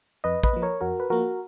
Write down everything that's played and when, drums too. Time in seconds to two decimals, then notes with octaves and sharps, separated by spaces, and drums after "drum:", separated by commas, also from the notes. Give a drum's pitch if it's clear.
0.24 F2 B4 D#5
0.43 B4 D#5, drum: kick
0.53 F3 A#3
0.62 A#4 C#5
0.81 F2 F#4 A#4
1.00 B4
1.10 F3 A#3 F#4 A#4